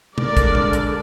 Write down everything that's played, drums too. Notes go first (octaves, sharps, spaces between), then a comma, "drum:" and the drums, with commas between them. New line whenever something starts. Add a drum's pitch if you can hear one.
D3 G#3 D4 A#4 D5, drum: tom
drum: kick, hi-hat
drum: tom
drum: hi-hat